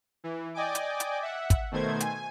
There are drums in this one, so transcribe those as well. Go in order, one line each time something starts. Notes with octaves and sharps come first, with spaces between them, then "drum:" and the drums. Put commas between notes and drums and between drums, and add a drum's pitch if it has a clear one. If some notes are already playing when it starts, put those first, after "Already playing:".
E3
D5 D#5 G5 G#5 D6
drum: hi-hat
drum: hi-hat
E5 F#5
drum: kick, hi-hat
B2 D#3 A3 C5 G#6
G#5, drum: hi-hat